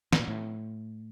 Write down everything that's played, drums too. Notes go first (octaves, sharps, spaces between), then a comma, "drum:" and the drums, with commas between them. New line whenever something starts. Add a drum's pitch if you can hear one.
A2, drum: snare
A#2
A2